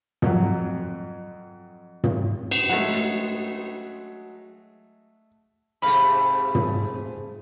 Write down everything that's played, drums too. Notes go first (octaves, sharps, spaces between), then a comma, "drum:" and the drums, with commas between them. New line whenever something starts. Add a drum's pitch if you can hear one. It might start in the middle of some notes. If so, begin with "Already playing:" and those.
F2 F#3, drum: tom
drum: tom
drum: cymbal
F#3 G#3 A3 F#5
drum: hi-hat
G#2 C3 A3 F5 B5
drum: tom